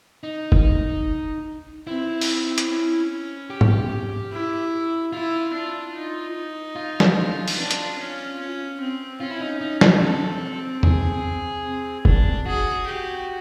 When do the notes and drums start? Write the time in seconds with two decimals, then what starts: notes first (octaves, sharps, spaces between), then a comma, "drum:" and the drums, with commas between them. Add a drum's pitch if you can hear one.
0.23 D#4
0.52 drum: kick
1.87 C4 E4
2.21 drum: open hi-hat
2.58 drum: hi-hat
2.68 C#4
3.50 G4
3.61 drum: tom G#2
4.32 E4
5.13 E4 F4
5.53 D4
5.95 D#4
6.76 F4
7.00 drum: snare
7.48 drum: open hi-hat
7.58 D4
7.71 drum: hi-hat
7.98 C#4
8.39 C#4
8.80 C4
9.20 C#4 F4
9.30 E4
9.41 D#4
9.61 D#4
9.81 D#4, drum: snare
10.02 C4 A4
10.83 G#4, drum: tom E2
11.65 C4
12.05 D4, drum: kick
12.46 F#4 G#4
12.87 G4